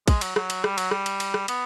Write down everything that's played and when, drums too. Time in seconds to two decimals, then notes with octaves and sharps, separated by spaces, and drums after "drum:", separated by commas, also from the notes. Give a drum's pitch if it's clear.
0.08 G#3, drum: kick, cymbal
0.21 F#3, drum: cymbal
0.36 F#3, drum: rim click
0.50 drum: cymbal
0.64 G3, drum: rim click
0.78 F#3, drum: cymbal
0.91 G3, drum: rim click
1.06 drum: cymbal
1.20 drum: cymbal
1.34 drum: rim click
1.48 B3, drum: cymbal